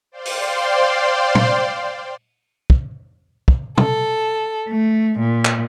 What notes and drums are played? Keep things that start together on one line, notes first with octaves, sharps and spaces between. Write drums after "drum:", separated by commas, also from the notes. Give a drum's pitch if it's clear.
C5 D5 F5 G5 C6
drum: open hi-hat
drum: tom
drum: kick
drum: kick
A4, drum: tom
A3
A#2
drum: clap